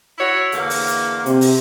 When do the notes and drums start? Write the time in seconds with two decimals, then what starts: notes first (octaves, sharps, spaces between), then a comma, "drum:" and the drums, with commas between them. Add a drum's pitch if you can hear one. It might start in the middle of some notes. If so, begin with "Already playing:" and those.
0.16 E4 F#4 C#5
0.52 E2 D3 A#3, drum: hi-hat
0.70 drum: open hi-hat
0.88 drum: hi-hat
1.26 C3, drum: hi-hat
1.41 drum: open hi-hat